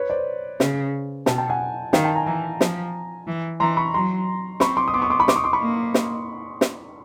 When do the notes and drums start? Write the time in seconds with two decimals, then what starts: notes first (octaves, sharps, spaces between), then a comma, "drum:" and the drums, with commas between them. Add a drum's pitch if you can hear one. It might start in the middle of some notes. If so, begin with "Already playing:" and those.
Already playing: B4 C#5
0.10 C5 D5
0.60 C#3, drum: snare
1.26 B2 G5 A5, drum: snare
1.38 G5 A5
1.50 F#5 G#5
1.93 D#3 F5 G5, drum: snare
2.04 G5 A5
2.15 G#5 A#5
2.26 E3 G#5 A#5
2.61 F3, drum: snare
3.27 E3
3.60 E3 A#5 C6
3.77 B5 C#6
3.94 F#3 A#5 C6
4.60 C4 B5 C#6, drum: snare
4.77 C6 D6
4.88 D#6
4.94 B3 C6 D6
5.02 C#6 D#6
5.10 C6 D6
5.20 B5 C#6
5.28 C6 D6, drum: snare
5.36 C#6 D#6
5.44 C6 D6
5.53 B5 C#6
5.60 A#3
5.94 drum: snare
6.61 drum: snare